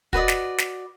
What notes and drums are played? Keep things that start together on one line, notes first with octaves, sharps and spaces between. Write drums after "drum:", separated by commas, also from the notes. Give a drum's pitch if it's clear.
F#4 B4 D5 D#5, drum: kick
drum: snare
drum: snare